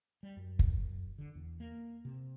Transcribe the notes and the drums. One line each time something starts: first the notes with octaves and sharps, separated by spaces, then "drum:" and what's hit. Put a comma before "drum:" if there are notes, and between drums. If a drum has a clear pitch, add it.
G3
F#2
drum: kick
D3
E2
A#3
C3